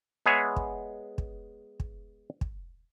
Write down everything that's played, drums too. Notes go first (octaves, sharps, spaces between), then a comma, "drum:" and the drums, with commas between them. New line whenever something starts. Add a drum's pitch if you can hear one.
G#3 B3 G#4 C#5 E5
drum: kick
drum: kick
drum: kick
drum: kick